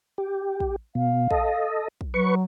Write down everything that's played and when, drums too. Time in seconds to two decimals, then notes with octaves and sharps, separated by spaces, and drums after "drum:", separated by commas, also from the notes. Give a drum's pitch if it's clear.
0.18 G4
0.60 drum: kick
0.95 B2 F5
1.31 A4 D#5, drum: kick
2.01 drum: kick
2.14 F#3 B4 C#6